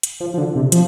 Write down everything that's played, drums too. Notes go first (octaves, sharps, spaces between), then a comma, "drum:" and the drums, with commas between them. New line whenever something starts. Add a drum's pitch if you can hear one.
drum: hi-hat
F3
F3
D3
C3
F3, drum: hi-hat